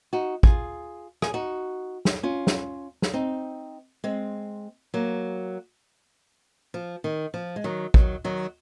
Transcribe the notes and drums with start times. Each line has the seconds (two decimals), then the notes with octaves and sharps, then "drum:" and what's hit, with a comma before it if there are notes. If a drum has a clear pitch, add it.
0.13 D#4 F#4
0.43 F4 G#4, drum: kick
1.22 G#4, drum: rim click
1.34 D#4 F#4
2.05 drum: snare
2.23 C#4 F4
2.47 drum: snare
3.02 drum: snare
3.13 C4 D#4
4.04 G#3 C4
4.94 F#3 A#3
6.74 F3
7.04 D#3
7.34 F3
7.56 G#3
7.64 D#3 F#3
7.94 D#3 F#3, drum: kick
8.24 D#3 F#3